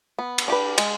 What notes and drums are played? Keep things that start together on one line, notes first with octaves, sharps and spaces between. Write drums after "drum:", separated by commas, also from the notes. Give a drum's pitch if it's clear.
B3
drum: cymbal
D4 G4 B4
G#3, drum: cymbal